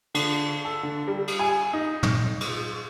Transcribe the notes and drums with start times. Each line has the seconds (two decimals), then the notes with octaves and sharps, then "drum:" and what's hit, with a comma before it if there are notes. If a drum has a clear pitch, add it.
0.14 D3, drum: cymbal
0.65 A4
0.83 D3
1.08 G3
1.27 drum: cymbal
1.39 G#5
1.73 D#4
2.03 drum: tom
2.41 drum: cymbal